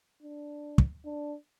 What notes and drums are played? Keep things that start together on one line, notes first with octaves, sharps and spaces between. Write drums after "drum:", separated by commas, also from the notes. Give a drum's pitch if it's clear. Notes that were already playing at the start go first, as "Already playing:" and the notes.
D4
drum: kick
D4